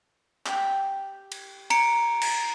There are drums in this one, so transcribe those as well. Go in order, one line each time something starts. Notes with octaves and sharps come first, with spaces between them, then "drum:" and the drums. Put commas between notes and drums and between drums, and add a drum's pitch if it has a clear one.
G4 G5, drum: clap
drum: cymbal
A#5 C#7 D7, drum: cymbal
drum: cymbal